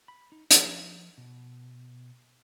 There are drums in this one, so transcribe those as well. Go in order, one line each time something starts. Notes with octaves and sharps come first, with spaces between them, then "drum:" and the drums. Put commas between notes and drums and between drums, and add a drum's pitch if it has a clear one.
B5
D#4
F3, drum: hi-hat
B2